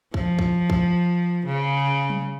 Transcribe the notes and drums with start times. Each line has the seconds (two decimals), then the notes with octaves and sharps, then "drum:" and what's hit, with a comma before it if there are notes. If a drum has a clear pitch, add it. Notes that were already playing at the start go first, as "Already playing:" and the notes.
0.14 F3, drum: kick
0.39 drum: kick
0.70 drum: kick
1.46 C#3
2.10 drum: tom F#3